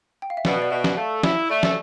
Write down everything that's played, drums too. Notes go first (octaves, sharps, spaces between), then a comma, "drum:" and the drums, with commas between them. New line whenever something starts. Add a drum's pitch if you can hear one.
G5
F5
E5
B2 D5, drum: snare
D5
B2 E5
drum: snare
A3 F5
E4 E5, drum: snare
A3 D5
drum: snare